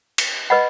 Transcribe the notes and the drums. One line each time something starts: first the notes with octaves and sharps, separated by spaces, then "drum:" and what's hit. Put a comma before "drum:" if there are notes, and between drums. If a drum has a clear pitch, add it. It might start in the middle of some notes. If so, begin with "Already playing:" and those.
drum: cymbal
B4 D#5 F#5 B5